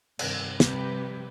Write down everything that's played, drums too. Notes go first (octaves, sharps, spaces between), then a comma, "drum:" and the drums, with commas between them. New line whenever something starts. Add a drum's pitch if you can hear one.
G2 C3 D#3, drum: cymbal
C3 F3 G3 G4 B4, drum: snare